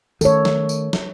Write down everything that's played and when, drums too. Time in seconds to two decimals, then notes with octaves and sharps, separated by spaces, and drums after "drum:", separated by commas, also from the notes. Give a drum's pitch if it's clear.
0.21 D#3 A3 A4 C#5, drum: tambourine
0.45 drum: snare
0.69 drum: tambourine
0.93 drum: snare